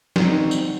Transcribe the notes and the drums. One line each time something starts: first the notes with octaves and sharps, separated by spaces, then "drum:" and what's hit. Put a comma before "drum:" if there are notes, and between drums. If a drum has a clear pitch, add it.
D#3 G3 C4 D#4 F#4, drum: snare
drum: tambourine